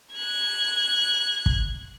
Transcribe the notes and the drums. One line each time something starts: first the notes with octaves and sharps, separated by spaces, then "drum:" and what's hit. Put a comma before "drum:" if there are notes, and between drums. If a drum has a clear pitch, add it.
F#6 G#6
drum: kick